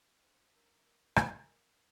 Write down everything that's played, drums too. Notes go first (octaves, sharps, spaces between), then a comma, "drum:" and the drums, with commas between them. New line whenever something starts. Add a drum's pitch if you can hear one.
D4 C5 C6
D4 A#4 A#5
A#4
A#4, drum: rim click
A#4